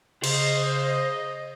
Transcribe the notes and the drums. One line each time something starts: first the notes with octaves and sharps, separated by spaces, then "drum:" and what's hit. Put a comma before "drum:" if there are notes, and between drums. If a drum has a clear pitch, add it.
C#3 C5 D#5, drum: cymbal